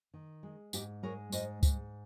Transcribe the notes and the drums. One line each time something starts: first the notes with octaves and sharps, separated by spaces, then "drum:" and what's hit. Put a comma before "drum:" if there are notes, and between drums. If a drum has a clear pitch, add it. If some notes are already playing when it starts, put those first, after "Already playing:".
D#3
G#3
G#2 D#4 G4, drum: tambourine
G#3 A#4 C#5
G#2 C5 D#5, drum: tambourine
G#2, drum: kick, tambourine